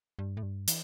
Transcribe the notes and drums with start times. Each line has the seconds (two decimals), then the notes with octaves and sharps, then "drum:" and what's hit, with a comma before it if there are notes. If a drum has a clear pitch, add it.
0.19 G2
0.37 A2
0.43 G2
0.68 E3, drum: hi-hat